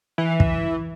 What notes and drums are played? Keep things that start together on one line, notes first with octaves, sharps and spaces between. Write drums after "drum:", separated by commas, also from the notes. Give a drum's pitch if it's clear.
E3
drum: kick